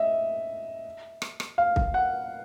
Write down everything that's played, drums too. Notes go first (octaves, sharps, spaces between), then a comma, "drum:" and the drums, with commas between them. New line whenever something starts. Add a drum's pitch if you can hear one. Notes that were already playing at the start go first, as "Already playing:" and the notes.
Already playing: D#5 E5
drum: rim click
drum: rim click
F5
drum: kick C2
F#5